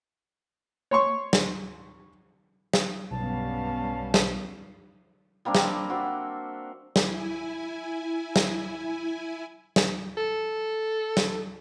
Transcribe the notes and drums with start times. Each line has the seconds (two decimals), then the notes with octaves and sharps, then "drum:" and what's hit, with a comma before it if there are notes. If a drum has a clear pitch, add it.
0.91 C#5 C6 C#6
1.33 drum: snare
2.73 drum: snare
3.11 B1 G2 G3 B3 C#4 F5 A5
4.14 drum: snare
5.45 G3 A#3 C4 D4
5.55 drum: snare
5.90 F#4 C5 E5
6.96 E4 G#5, drum: snare
8.36 drum: snare
9.76 drum: snare
10.17 A4
11.17 drum: snare